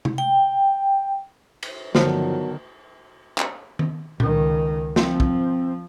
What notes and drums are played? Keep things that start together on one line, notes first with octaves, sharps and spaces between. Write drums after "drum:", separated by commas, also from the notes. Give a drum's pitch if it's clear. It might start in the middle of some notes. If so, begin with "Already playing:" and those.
drum: tom C3
G5
drum: cymbal
G1 D3 D#3 F3 F#3 B3 A#4 A5, drum: snare
drum: clap
drum: tom D#3
C#2 D#3, drum: tom A#2
F3 C4, drum: snare
drum: kick